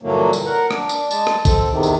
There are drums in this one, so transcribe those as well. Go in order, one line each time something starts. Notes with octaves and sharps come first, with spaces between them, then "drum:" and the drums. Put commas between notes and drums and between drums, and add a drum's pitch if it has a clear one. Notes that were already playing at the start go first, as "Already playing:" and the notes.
G2 A#2 D3 E3 F#3 A#3
drum: tambourine
A#4 F#5
D4, drum: rim click
drum: tambourine
G#3 A5, drum: tambourine
drum: rim click
C4 A4, drum: kick, tambourine
E2 C3 D#3
drum: tambourine